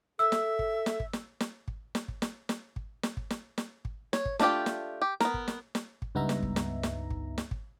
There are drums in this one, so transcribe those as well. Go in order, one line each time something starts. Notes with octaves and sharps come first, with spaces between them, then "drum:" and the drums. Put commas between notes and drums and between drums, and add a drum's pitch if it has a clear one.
A4 E5 E6
drum: snare
drum: kick
drum: snare
drum: kick
drum: snare
drum: snare
drum: kick
drum: snare
drum: kick
drum: snare
drum: snare
drum: kick
drum: snare
drum: kick
drum: snare
drum: snare
drum: kick
C#5, drum: snare
drum: kick
A3 D4 F4 G4 G5, drum: snare
drum: snare
G4
B3 A#4, drum: snare
drum: kick
drum: snare
drum: snare
drum: kick
C#2 G2 B3 D#4 E5 A#5
drum: snare
drum: kick
drum: snare
drum: snare
drum: kick
drum: snare
drum: kick